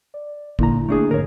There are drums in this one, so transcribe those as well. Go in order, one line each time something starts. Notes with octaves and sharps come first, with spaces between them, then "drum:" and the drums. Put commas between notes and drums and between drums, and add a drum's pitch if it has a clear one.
D5
A#2 D3 A#3 E4 A#5, drum: kick
A3 D4 G#4
F2 G#2 D3 A#4 C#5